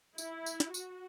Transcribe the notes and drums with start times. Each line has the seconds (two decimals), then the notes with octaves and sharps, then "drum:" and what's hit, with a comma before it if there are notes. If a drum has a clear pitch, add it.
0.18 E4, drum: tambourine
0.46 drum: tambourine
0.60 drum: snare
0.74 F#4, drum: tambourine